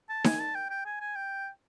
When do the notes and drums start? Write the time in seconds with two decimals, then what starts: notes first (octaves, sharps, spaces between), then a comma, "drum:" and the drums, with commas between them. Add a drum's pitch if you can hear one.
0.09 A5
0.24 G#5, drum: snare D#4
0.40 A5
0.55 G5
0.70 G5
0.86 G#5
1.00 G#5
1.16 G5